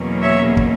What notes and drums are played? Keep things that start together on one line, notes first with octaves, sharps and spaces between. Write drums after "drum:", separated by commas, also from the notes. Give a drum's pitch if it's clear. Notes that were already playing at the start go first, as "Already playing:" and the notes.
Already playing: E2 B2 F#3 A#3 C#4
C#5 E5
drum: kick